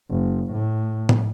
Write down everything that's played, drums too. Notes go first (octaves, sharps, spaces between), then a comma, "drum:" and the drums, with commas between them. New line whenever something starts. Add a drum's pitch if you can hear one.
F#1
A2
drum: tom A2